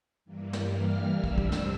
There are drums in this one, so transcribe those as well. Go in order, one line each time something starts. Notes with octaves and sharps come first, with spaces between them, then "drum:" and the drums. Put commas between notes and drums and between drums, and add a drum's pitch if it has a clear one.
G2 E3 G3 A#3
drum: snare
F6
F2 C3 G3 D4 E6
drum: kick
drum: kick
drum: snare